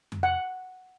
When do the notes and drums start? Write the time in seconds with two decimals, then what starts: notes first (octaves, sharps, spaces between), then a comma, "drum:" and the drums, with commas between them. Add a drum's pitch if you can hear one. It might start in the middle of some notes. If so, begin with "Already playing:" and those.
0.12 drum: tom F2
0.23 F#5